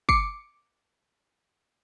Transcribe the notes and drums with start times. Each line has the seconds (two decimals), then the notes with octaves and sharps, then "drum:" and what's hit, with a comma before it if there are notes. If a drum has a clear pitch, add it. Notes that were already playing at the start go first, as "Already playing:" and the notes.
0.09 D6 C7 C#7, drum: kick